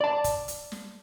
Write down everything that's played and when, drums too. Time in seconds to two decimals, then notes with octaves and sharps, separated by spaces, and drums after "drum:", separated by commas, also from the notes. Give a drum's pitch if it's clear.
0.01 D5 A5
0.24 drum: kick, hi-hat
0.48 drum: hi-hat
0.72 drum: snare